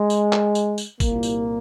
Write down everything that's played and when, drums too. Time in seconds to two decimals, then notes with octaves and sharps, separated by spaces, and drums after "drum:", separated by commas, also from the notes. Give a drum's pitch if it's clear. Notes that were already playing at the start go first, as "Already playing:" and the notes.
Already playing: G#3
0.10 drum: tambourine
0.33 drum: clap
0.55 drum: tambourine
0.78 drum: tambourine
1.00 C2 A#2 A#3, drum: kick, tambourine
1.23 drum: tambourine